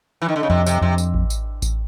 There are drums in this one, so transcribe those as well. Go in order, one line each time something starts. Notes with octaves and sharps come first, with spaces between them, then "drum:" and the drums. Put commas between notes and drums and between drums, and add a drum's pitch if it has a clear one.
E3
D#3
D3
C#3
F2 C3
C3, drum: tambourine
F2 C3
drum: tambourine
drum: kick A1
drum: tambourine
drum: kick A1, tambourine